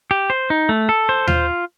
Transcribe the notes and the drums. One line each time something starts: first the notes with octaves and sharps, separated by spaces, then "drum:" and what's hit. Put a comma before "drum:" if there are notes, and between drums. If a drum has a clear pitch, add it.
G4
C5
D#4
A3
A4
C5
F4, drum: tom D#2